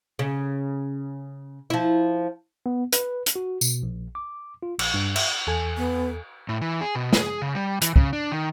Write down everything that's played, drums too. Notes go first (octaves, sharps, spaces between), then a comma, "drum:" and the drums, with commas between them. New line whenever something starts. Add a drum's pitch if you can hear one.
C#3
F3 E4
B3
B4, drum: hi-hat
drum: hi-hat
F#4
B2, drum: tambourine
A#1
D6
F4
A#1, drum: cymbal
G2
E5, drum: cymbal
E2 A4 G#5
B3
A2
E3
G#4
B2
G#4, drum: snare
C#3
G3
E3, drum: hi-hat
C#3, drum: kick
D4
D#3